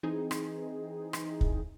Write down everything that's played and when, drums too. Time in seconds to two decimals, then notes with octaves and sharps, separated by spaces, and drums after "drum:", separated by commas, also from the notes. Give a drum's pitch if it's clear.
0.03 E3 C4 D#4 G#4
0.31 drum: rim click
1.13 drum: rim click
1.41 drum: kick